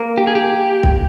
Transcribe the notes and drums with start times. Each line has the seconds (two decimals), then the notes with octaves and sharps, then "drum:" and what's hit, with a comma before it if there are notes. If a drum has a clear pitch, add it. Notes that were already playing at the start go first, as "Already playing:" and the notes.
Already playing: A#3
0.18 G4
0.27 G#4
0.35 G4
0.83 drum: kick